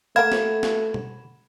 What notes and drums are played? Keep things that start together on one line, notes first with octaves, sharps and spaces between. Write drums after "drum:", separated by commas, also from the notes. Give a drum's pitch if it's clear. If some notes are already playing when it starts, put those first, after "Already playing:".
A3 A#3 A#4 F5 F#5 B5 G#6 E7
drum: snare
drum: snare
drum: tom